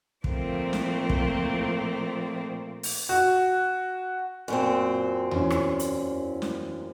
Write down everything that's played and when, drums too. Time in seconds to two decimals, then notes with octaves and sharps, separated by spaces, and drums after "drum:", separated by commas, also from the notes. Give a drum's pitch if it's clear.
0.24 A#2 F3 A3 A#3 C4, drum: kick
0.73 drum: snare
1.10 drum: kick
2.83 drum: open hi-hat
3.09 F#4
4.48 F#2 A#2 C4
5.31 E2 C#4, drum: tom E2
5.50 drum: rim click
5.79 drum: hi-hat
6.42 drum: snare